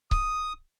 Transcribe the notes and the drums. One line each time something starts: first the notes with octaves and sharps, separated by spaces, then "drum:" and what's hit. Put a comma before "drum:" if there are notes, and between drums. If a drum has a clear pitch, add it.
D#6, drum: kick C#1